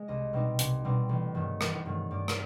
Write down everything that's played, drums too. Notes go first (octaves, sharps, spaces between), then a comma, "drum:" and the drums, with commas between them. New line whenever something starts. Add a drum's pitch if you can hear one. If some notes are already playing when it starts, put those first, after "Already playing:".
Already playing: G#3
C2 D#5
B2 G3 C4 D#4
C2, drum: hi-hat
B2 G3 C4 D#4
A1
G2 D#3 F#3 A3
A1, drum: rim click
G2 D#3 F#3 A3
G2 D5
drum: rim click